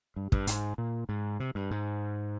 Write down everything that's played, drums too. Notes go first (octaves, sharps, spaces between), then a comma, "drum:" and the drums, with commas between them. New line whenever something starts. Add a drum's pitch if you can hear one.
G2
G2, drum: kick
G#2, drum: hi-hat
A#2
G#2
C3
G2
G#2